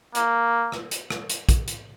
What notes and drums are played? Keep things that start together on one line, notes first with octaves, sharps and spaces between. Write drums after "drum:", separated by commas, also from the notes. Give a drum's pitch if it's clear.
A#3, drum: hi-hat
drum: rim click
drum: hi-hat
drum: rim click
drum: hi-hat
drum: kick, hi-hat
drum: hi-hat